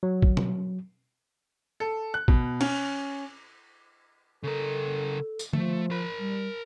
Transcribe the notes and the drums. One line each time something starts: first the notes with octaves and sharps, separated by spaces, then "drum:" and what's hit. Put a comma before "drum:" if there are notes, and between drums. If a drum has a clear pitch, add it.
F#3
drum: kick A1
drum: tom B2
A4
F#6
B2, drum: kick A1
C#4, drum: cymbal
C#3 A4 A#4
drum: tambourine
F3 A3, drum: tom D3
A#4 B5
G3